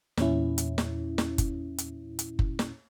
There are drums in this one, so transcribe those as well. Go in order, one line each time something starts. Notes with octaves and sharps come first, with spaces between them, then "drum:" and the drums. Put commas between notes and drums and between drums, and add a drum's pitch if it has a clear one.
E2 A#2 C#4 E4, drum: snare
drum: hi-hat
drum: snare
drum: snare
drum: kick F#1, hi-hat
drum: hi-hat
drum: hi-hat
drum: kick F#1
drum: snare